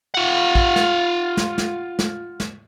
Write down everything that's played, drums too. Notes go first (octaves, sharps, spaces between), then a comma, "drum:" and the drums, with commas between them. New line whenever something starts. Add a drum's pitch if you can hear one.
F4 F#5
drum: kick
drum: snare
drum: snare
drum: snare
drum: snare
drum: snare